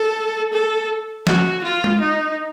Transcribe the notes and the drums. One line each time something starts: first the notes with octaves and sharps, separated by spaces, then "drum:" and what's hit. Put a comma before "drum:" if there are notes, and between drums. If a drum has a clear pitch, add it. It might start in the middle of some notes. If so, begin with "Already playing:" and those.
Already playing: A4
A4
F#4, drum: snare
F4
drum: tom G#3
D#4